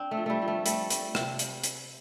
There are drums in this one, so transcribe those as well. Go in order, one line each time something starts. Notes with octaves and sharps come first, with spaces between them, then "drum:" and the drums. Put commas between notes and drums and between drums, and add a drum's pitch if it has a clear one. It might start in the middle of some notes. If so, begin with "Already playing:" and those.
Already playing: C4 D4
A3
F3
G3 A3
F3
A3
G3 A3, drum: hi-hat
G3, drum: hi-hat
C3, drum: rim click
drum: hi-hat
drum: hi-hat